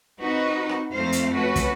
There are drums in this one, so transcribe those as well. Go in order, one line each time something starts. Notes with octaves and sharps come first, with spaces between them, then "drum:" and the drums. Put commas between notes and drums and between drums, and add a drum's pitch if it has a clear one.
C4 D#4 F#4 B4
drum: rim click
F2 A3 C4 C5 F5
drum: hi-hat
A3 C#4 F#4 B4
drum: kick, hi-hat